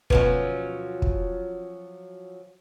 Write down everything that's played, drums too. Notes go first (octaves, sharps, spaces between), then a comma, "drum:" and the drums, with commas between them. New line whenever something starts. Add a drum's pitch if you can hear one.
D2 B2 F3 F#3 C#4 B4, drum: kick
drum: kick